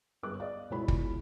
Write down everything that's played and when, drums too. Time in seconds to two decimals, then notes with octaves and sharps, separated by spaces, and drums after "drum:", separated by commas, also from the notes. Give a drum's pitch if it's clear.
0.23 G1 G2 B3 G#4 D6 F#6
0.40 D5 D#5 F5
0.70 C#2 B2 G#3 E4 C#5 B5
0.88 drum: kick